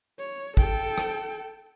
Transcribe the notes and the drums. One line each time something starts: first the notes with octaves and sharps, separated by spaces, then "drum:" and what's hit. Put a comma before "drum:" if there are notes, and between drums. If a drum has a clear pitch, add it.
C#5
A4 G5, drum: kick
drum: rim click